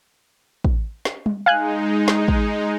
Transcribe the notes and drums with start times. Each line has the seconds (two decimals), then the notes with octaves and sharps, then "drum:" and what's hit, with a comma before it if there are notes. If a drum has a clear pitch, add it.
0.64 drum: kick
1.05 drum: snare
1.26 drum: tom G3
1.46 G#3 D#4 F5 G#5 F#6
2.08 drum: snare
2.28 drum: kick